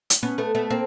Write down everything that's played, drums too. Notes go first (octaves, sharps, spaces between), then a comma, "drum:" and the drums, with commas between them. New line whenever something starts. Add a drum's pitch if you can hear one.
drum: hi-hat
B3 C#4
A3 B3
A3 B3
A#3 C4